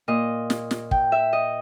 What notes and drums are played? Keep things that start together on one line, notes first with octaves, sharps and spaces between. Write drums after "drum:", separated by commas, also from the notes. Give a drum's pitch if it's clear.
A#2 D#5
drum: snare
drum: snare
G5, drum: kick
E5
D#5